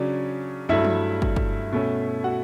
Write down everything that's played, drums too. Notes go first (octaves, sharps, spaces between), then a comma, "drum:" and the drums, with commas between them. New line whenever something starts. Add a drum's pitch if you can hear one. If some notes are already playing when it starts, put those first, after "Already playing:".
Already playing: C#3 F#3 C#4 D4 D5
G2 F#3 A3 E4 E5
drum: tom
drum: kick
drum: kick
B2 A3 C#4
F#4 F#5